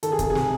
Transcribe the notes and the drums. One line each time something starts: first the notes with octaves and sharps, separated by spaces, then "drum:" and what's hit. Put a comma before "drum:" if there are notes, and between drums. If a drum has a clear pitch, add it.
D#3 A4, drum: hi-hat
G#4
C3, drum: kick, hi-hat
G#4
C3, drum: snare